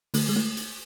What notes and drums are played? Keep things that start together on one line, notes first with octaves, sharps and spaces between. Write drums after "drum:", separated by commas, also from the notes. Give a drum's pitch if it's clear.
D3 A3, drum: open hi-hat
G#3
A3, drum: snare
drum: hi-hat